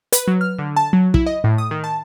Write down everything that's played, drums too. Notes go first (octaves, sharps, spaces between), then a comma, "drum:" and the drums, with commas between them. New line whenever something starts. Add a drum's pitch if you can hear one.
B4, drum: hi-hat
F#3
F6
D3
A5
F#3
E4, drum: kick
D#5
A2
D#6
D#3
A5